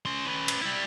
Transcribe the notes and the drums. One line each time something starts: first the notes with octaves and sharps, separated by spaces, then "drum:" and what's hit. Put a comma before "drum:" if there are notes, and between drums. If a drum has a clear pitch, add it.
C#4 C6
C#4 B4
drum: cymbal
G3 E4